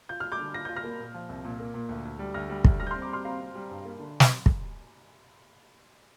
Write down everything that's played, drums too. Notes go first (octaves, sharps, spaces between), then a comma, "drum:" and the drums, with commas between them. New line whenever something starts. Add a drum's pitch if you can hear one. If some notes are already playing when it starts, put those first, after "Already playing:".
F4 G6
F4 F6
D6 G6
D3
F4 A#6
F4 G6
F6 A#6
A#3
A#2
F3
C2
A#2
A#3
A#2
D2
D2
G3
D2 F6 A#6
G3
D2, drum: kick
G3 F6 A#6
G6
C4 C6 F6
A#5 D6
G3 C6 F6
C4 F5 A#5
C4
G3
G2
A#3
D3
drum: snare
drum: kick